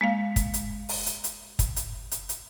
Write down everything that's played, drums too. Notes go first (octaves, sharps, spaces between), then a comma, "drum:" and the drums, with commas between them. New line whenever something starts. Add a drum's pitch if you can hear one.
G#3 A#3 F5
drum: kick, hi-hat
drum: hi-hat
drum: open hi-hat
drum: hi-hat
drum: hi-hat
drum: kick, hi-hat
drum: hi-hat
drum: hi-hat
drum: hi-hat